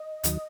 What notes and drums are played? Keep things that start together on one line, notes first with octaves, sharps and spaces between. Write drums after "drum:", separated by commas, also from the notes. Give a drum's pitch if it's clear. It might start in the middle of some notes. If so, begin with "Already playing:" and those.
Already playing: D#5
D#2 D#3 F#3, drum: hi-hat